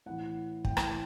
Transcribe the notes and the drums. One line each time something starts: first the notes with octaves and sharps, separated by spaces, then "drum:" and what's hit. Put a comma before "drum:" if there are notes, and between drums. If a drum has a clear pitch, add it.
A2 E3 F#5
A2 E3 G5, drum: kick
A5, drum: rim click
G5